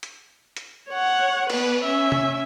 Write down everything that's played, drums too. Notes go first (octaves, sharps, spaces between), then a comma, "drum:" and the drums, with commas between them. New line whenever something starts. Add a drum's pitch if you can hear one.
drum: hi-hat
drum: hi-hat
C#5 F#5
B3 B4, drum: cymbal
C#4 E5
drum: tom C3